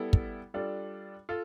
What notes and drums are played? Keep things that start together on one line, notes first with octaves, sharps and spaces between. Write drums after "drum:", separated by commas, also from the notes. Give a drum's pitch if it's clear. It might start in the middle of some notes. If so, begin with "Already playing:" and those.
Already playing: G3 B3 E4 A4
drum: kick
G3 D4 F4 A4
F4 A4